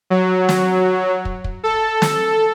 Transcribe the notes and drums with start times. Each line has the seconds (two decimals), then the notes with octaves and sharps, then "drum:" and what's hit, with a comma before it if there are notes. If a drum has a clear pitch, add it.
0.10 F#3
0.49 drum: snare
1.25 drum: kick
1.44 drum: kick
1.63 A4
2.02 drum: snare